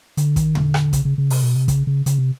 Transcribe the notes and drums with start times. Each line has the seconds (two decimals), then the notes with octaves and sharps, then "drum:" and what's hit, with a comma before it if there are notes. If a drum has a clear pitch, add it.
0.17 D3, drum: hi-hat
0.36 D#3, drum: kick, hi-hat
0.55 D3, drum: tom
0.74 drum: rim click
0.93 C#3, drum: kick, hi-hat
1.05 C#3
1.18 C#3
1.30 C3, drum: open hi-hat
1.43 B2
1.56 C3
1.68 C#3, drum: kick, hi-hat
1.87 C#3
2.06 C#3, drum: hi-hat
2.18 C3